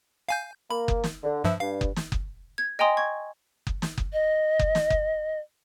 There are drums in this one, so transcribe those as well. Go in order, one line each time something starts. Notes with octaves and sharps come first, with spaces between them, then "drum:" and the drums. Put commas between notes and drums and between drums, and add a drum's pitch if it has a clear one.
F5 G#5 G6
A#3 B5
drum: kick F#1
drum: snare
D3
G2 F3 B4 E5
G2 F5
drum: kick F#1
drum: snare
drum: kick F#1
G#6
D#5 G5 G#5 A#5 C6 D#6
C#6 G#6
drum: kick F#1
drum: snare
drum: kick F#1
D#5
drum: kick F#1
drum: snare
drum: kick F#1